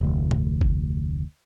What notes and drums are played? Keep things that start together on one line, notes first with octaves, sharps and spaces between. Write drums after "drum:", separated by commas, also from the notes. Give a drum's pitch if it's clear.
F1 D2
drum: tom A2
drum: kick G1